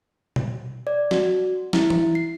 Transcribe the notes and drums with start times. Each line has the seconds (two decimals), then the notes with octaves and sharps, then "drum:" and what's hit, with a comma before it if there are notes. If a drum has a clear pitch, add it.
0.36 drum: tom B2
0.87 D5
1.11 F#4, drum: snare
1.73 E4, drum: snare
1.90 drum: tom E3
2.15 C7